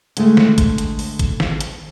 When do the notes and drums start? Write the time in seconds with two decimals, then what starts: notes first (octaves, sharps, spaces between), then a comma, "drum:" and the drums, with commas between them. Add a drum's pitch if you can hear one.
0.17 D3 G#3 A3, drum: hi-hat
0.37 drum: snare
0.58 drum: kick, hi-hat
0.78 drum: hi-hat
0.99 drum: open hi-hat
1.19 drum: kick, hi-hat
1.40 drum: snare
1.60 drum: hi-hat